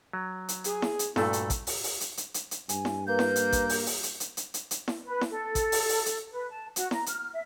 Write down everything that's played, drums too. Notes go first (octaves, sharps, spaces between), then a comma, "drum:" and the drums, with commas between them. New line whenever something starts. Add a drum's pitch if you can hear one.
F#3
drum: hi-hat
G#4, drum: hi-hat
drum: snare E4
drum: hi-hat
G2 A#2 A3 F#4 A4, drum: snare E4
drum: hi-hat
drum: kick A1, hi-hat
drum: open hi-hat
drum: open hi-hat
drum: hi-hat
drum: hi-hat
drum: hi-hat
drum: hi-hat
G2 G#5, drum: hi-hat
drum: snare E4
A#3 B4 G6
drum: snare E4
drum: hi-hat
drum: kick A1, hi-hat
drum: open hi-hat
drum: open hi-hat
drum: hi-hat
drum: hi-hat
drum: hi-hat
drum: hi-hat
drum: hi-hat
drum: snare E4
B4
drum: snare E4
A4
drum: kick A1, hi-hat
drum: open hi-hat
drum: open hi-hat
drum: hi-hat
B4
A5
F#4, drum: hi-hat
A#5, drum: snare E4
F6, drum: hi-hat
E5